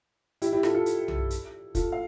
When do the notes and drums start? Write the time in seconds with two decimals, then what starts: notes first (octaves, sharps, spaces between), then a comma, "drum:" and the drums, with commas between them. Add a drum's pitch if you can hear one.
0.42 E4 G4, drum: hi-hat
0.53 E4 G4
0.63 F4 A4, drum: rim click
0.75 F4 A4
0.86 drum: hi-hat
1.08 drum: tom B1
1.30 drum: hi-hat
1.75 F4 A4, drum: kick, hi-hat
1.92 F5